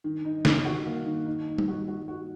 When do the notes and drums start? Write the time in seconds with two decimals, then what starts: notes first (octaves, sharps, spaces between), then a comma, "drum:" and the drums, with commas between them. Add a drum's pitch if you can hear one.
0.04 D#3
0.25 D#4
0.45 D#3, drum: snare
0.65 F#4
0.86 A#3
1.06 D#3
1.26 D#4
1.48 D#4
1.58 drum: tom G3
1.68 F#4
1.88 F#4
2.08 F#4